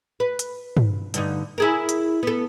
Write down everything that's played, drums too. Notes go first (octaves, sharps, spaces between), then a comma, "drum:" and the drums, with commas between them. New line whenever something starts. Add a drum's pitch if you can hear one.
B4
drum: hi-hat
drum: tom
G2 D3 D#4, drum: hi-hat
E4 G#4 A#4
drum: hi-hat
B3 A4